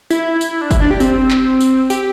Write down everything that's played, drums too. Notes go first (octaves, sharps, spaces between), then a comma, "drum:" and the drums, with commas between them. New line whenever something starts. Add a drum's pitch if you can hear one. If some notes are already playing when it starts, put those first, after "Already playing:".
E4, drum: tambourine
drum: tambourine
D4
E4, drum: kick, tambourine
D4
G4
C4, drum: tambourine
drum: clap
drum: tambourine
G4, drum: tambourine